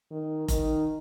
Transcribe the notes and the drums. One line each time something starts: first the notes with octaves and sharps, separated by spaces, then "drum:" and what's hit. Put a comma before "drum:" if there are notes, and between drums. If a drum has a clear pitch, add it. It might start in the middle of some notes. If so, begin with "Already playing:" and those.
D#3
D#3, drum: kick F1, hi-hat